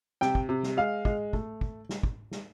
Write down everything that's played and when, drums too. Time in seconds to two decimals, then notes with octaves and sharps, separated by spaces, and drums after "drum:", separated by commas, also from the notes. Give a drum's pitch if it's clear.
0.21 C3 G5, drum: snare
0.35 drum: kick
0.49 C3
0.63 drum: snare
0.77 G#3 F5
1.05 G#3, drum: kick
1.33 A3, drum: kick
1.61 drum: kick
1.89 drum: snare
2.03 drum: kick
2.31 drum: snare